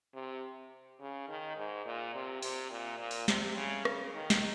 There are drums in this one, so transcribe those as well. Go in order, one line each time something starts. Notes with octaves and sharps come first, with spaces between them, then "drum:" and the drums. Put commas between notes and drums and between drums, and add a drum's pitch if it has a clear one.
C3
C#3
D#3
G#2
A#2
C3
C3, drum: open hi-hat
A#2
A#2
drum: open hi-hat
C3, drum: snare
C#3
C#3, drum: rim click
D#3
drum: snare